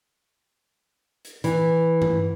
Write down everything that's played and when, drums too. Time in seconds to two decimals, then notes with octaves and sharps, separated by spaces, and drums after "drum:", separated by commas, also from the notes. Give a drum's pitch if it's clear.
1.25 drum: hi-hat
1.44 E3, drum: hi-hat
2.02 drum: tom G2